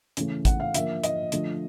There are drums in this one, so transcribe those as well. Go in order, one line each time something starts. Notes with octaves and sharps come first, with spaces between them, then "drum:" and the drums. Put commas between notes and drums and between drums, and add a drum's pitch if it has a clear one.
C#3 E3 A3, drum: hi-hat
F#5, drum: kick, hi-hat
F5
D3 F3 A#3 E5, drum: hi-hat
D#5, drum: hi-hat
D3 F3 A3, drum: hi-hat